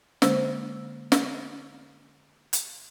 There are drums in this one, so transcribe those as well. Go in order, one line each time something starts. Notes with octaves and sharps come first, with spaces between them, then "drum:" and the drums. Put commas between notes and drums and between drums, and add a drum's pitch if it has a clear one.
D3 G#3 A#3 C5 E6, drum: snare
drum: snare
drum: hi-hat